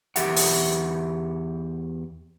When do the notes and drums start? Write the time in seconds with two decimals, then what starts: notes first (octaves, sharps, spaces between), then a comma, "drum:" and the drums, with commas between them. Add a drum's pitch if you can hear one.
0.16 E2 G4 E5 F#5, drum: hi-hat
0.36 drum: open hi-hat